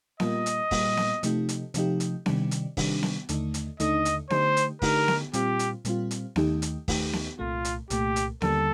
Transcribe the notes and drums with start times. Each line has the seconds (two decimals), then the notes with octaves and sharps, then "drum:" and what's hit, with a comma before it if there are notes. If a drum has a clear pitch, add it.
0.20 A#2 G3 A#3 F4 D#5, drum: snare B3
0.46 drum: hi-hat
0.71 A#2 G3 A#3 F4, drum: kick, open hi-hat
0.97 drum: snare B3
1.23 C3 F3 A3 D#4 G4, drum: hi-hat
1.49 drum: hi-hat
1.74 C3 F3 A3 D#4 G4, drum: hi-hat
2.00 drum: hi-hat
2.26 C3 D#3 G3 D4, drum: snare B3
2.51 drum: hi-hat
2.77 C3 D#3 G3 D4, drum: kick, open hi-hat
3.03 drum: snare B3
3.29 D#2 D3 A3 D#4, drum: hi-hat
3.54 drum: hi-hat
3.80 D#2 D3 A3 D#4 D#5, drum: hi-hat
4.05 drum: hi-hat
4.30 D3 A3 D#4 G4 C5, drum: snare B3
4.57 drum: hi-hat
4.82 D3 A3 D#4 G4 A#4, drum: kick, open hi-hat
5.08 drum: snare B3
5.33 A#2 G3 C4 F4 G4, drum: hi-hat
5.59 drum: hi-hat
5.85 A#2 G3 C4 F4, drum: hi-hat
6.11 drum: hi-hat
6.36 D#2 D#3 A3 D#4 G4, drum: snare B3
6.62 drum: hi-hat
6.88 D#2 D#3 A3 D#4 G4, drum: kick, open hi-hat
7.13 drum: snare B3
7.39 C2 A#2 A3 F4
7.65 drum: hi-hat
7.90 C2 A#2 A3 G4, drum: hi-hat
8.16 drum: hi-hat
8.42 D#2 D3 G3 A#3 A4, drum: snare B3